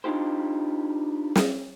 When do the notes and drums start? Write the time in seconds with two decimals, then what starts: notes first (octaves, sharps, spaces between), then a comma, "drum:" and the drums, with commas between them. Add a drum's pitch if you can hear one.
0.04 D4 D#4 F4 G4 C5
1.36 drum: snare